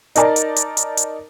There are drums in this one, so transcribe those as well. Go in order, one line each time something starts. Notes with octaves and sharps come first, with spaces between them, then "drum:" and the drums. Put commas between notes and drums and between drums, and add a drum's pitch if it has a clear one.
D#4 A#4 D5 A5 A#5, drum: hi-hat
drum: hi-hat
drum: hi-hat
drum: hi-hat
drum: hi-hat